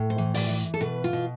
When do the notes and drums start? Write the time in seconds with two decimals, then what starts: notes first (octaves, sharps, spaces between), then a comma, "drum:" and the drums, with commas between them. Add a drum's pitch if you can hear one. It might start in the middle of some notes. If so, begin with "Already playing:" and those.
Already playing: A2
0.10 C5
0.18 E3
0.34 D5, drum: open hi-hat
0.49 E3
0.74 A4
0.81 B2 B4
1.04 F4
1.13 B2